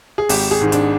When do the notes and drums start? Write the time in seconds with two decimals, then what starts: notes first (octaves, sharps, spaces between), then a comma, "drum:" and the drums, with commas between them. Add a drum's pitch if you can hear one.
0.18 G#4
0.29 G#1 G4, drum: open hi-hat
0.51 G#4
0.61 G#2 D#3
0.72 D4, drum: hi-hat